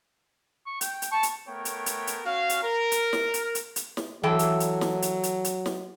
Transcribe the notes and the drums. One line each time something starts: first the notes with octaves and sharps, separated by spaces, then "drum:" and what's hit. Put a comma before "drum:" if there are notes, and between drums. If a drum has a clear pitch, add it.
C#6
G5, drum: hi-hat
drum: hi-hat
A5 C#6
drum: hi-hat
A3 B3 A#4 C#5 G5
drum: hi-hat
drum: hi-hat
drum: hi-hat
C#4 F#4 F5
drum: hi-hat
A#4
drum: hi-hat
drum: snare
drum: hi-hat
drum: hi-hat
drum: hi-hat
drum: snare
E3 F#3 A4 G5
drum: hi-hat
drum: hi-hat
drum: snare
drum: hi-hat
drum: hi-hat
drum: hi-hat
drum: snare